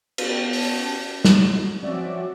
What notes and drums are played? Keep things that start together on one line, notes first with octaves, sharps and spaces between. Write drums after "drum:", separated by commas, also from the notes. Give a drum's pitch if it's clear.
B3 C#4 F#4 G4 A5, drum: cymbal
drum: open hi-hat
F#3, drum: snare
F3 C4 C#4 F#4 D5 E5